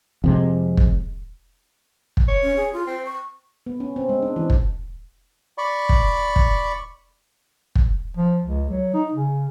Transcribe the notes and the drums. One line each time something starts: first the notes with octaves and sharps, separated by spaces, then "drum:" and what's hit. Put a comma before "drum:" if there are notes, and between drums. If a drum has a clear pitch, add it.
F2 C3 G#3
drum: kick
drum: kick
C#5
C#4
G#4
F4
C4 C5
C#6
B3
C#4
C4
G#3
D4
E3
drum: kick
D5 B5 C#6
drum: kick
drum: kick
drum: kick
F3
C#2
F#3
D#4
C#3